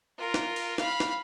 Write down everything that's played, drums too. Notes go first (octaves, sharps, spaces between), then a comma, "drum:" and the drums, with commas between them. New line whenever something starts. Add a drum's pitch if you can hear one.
F4 A#4
drum: snare
drum: cymbal
F5 B5, drum: snare
drum: snare